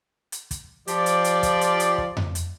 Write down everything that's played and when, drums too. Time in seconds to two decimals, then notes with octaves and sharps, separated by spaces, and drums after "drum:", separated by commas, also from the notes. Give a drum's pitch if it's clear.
0.32 drum: hi-hat
0.51 drum: kick, hi-hat
0.88 F3 G4 D5, drum: hi-hat
1.06 drum: hi-hat
1.24 drum: hi-hat
1.43 drum: kick, hi-hat
1.61 drum: hi-hat
1.80 drum: hi-hat
1.98 drum: kick
2.17 drum: tom F2
2.35 drum: hi-hat